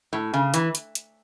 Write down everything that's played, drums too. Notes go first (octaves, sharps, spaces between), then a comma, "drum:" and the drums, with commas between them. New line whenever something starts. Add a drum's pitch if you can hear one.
A2
C#3
E3, drum: hi-hat
drum: hi-hat
drum: hi-hat